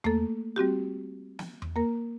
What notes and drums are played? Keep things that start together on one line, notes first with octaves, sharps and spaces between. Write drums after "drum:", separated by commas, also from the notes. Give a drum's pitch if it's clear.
A3 A#3 A4, drum: tom E2
G3 C4 F#4 G4
drum: snare
drum: tom E2
A#3 A#4